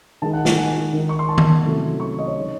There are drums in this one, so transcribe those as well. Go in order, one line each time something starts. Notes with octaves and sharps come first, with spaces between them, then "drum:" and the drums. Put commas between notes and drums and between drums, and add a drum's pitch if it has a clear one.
D#3 G#3 D#4 A5
F#5
F#5, drum: snare
G#5
D#3 G#3 D#4
C#6
C6
A5
drum: tom D#3
C3 F#3 A3 C#4 E4
C#6
D#5
C#5
C#3 G#3 D#4